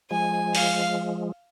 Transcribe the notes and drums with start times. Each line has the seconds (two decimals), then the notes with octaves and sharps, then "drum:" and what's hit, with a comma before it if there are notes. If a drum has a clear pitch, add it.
0.11 F3 G#3 G#5
0.55 F5, drum: open hi-hat